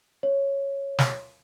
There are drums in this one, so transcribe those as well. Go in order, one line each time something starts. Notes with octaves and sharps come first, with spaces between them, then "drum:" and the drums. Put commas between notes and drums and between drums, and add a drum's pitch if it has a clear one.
C#5
drum: snare